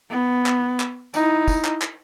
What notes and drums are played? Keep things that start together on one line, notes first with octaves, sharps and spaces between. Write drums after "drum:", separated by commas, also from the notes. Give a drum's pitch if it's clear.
B3
drum: clap
drum: clap
D#4 E4, drum: tambourine
drum: kick, tambourine
drum: clap
drum: clap